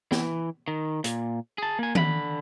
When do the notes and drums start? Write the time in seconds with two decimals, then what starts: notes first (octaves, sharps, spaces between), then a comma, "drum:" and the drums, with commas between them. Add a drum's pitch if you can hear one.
0.12 E3, drum: snare
0.68 D#3
1.04 A#2, drum: hi-hat
1.58 G#4 A5
1.79 A#3 G#5
1.95 D3 B5, drum: tom D#3